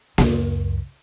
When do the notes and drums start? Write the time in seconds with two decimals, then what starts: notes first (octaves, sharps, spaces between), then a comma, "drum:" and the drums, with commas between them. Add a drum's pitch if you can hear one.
0.18 C#2 F#2, drum: snare A#3